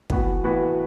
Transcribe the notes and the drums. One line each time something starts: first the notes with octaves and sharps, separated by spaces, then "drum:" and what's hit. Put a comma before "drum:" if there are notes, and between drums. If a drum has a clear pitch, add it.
A2 E3 B3 F#4 B4, drum: kick
A2 E3 B3 F#4 B4